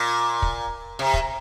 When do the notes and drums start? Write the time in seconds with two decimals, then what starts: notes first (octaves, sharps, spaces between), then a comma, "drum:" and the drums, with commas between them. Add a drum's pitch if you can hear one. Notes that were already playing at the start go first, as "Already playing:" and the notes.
Already playing: A#2
0.42 drum: kick
0.99 C3
1.14 drum: kick